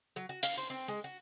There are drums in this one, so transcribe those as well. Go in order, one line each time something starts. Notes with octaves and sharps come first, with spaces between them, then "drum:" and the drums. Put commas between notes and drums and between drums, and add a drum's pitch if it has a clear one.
F#3
F#4
F5, drum: hi-hat
C5
C4
G#3
F#4